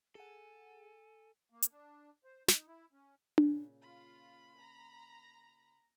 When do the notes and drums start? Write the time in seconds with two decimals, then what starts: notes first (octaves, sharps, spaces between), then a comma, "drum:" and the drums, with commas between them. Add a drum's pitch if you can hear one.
0.15 G#4 A4 F#5 G#5
1.50 A#3
1.62 drum: hi-hat
1.72 D4
2.24 C5
2.48 D#4, drum: snare
2.67 E4
2.93 C#4
3.38 A#2 C#3, drum: tom D4
3.82 F4 B5
4.58 A#5